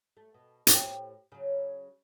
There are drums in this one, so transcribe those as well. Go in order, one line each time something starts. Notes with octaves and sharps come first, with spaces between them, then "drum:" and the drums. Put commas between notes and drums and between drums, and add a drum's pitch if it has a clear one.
A3
B2
A2 G4 C5, drum: hi-hat
C#3 F#3